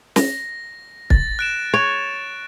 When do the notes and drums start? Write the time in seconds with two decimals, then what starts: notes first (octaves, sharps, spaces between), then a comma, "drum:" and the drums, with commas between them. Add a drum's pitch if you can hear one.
0.16 A#6, drum: snare
1.10 A6, drum: kick
1.39 F#6 D7 E7
1.74 C#5